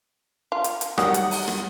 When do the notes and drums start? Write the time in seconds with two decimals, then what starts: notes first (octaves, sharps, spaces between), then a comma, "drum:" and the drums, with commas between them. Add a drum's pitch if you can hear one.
0.52 F4
0.64 drum: hi-hat
0.81 drum: hi-hat
0.98 D#3 F#3 G3 F#5 D#6, drum: rim click
1.14 drum: hi-hat
1.31 drum: open hi-hat
1.48 drum: rim click